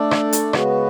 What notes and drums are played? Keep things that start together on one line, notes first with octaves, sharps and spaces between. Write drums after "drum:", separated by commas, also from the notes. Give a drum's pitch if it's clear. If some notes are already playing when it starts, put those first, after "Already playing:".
Already playing: A3 D4 A4 D5
drum: rim click
drum: hi-hat
C#3 G#3 B3 F#4 B4, drum: rim click